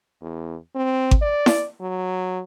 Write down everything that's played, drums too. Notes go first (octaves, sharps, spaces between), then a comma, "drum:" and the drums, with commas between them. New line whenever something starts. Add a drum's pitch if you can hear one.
E2
C4
drum: kick G#1
D5
drum: snare E4
F#3